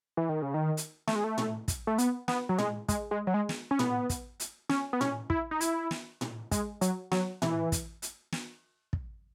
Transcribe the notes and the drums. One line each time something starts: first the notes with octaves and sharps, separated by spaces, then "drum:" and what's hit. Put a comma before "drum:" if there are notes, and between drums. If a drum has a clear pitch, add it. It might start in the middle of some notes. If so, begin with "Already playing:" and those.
E3
D#3
C#3
D#3
drum: hi-hat
A3, drum: snare
G#3
A3
drum: tom A2
drum: kick, hi-hat
A3
B3, drum: hi-hat
B3, drum: snare
F#3
G#3, drum: tom A2
G#3, drum: kick, hi-hat
G#3
F#3
G#3
drum: snare
C#4
B3, drum: tom A2
drum: kick, hi-hat
drum: hi-hat
C#4, drum: snare
B3
C#4, drum: tom A2
E4, drum: kick
D#4
E4, drum: hi-hat
drum: snare
drum: tom A2
G#3, drum: kick, hi-hat
F#3, drum: hi-hat
F#3, drum: snare
E3, drum: tom A2
drum: kick, hi-hat
drum: hi-hat
drum: snare
drum: kick